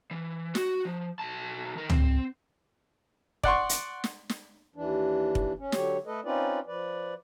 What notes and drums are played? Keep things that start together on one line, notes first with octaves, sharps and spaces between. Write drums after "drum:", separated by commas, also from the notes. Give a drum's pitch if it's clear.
E3
F#4, drum: snare
F3
B1 A5
D#3 A#4
C4, drum: tom C#2
D5 F#5 C6 C#6, drum: kick
drum: hi-hat
drum: snare
drum: snare
D#2 E3 D4
drum: kick
C#4
D3 F#3 G4 C#5, drum: snare
A3 A4 B4 D#5
C4 C#4 D#4 F4 B4 D5
F3 B4 D5